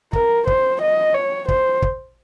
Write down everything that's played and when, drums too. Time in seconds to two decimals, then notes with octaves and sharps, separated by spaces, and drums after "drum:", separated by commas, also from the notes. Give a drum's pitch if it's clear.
0.13 A#4, drum: kick
0.47 C5, drum: kick
0.81 D#5
1.14 C#5
1.48 C5, drum: kick
1.82 drum: kick